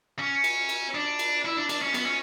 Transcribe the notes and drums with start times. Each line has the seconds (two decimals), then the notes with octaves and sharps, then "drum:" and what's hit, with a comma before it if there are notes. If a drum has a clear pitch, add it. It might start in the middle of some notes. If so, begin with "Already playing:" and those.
0.19 C#4
0.44 drum: cymbal
0.69 drum: cymbal
0.95 D4
1.19 drum: cymbal
1.45 E4
1.57 D4
1.69 D4, drum: cymbal
1.82 C#4
1.94 B3, drum: cymbal
2.06 C#4